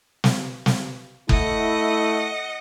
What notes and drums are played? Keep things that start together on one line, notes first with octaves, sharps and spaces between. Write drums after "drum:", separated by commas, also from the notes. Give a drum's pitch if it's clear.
drum: snare
drum: snare
A3 E4 D#5 F#5, drum: kick F#1